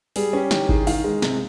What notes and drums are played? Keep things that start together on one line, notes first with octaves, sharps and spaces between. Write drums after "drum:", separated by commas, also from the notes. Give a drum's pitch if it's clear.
G3 G#4, drum: open hi-hat
C#4 G4
D#3 G4, drum: snare
D#3 G#4, drum: kick G#1
D#3 F5, drum: open hi-hat
G#3
C3, drum: snare